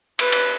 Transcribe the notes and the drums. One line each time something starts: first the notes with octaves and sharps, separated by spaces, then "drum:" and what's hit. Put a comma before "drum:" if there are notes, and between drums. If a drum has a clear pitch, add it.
B4, drum: cymbal
drum: cymbal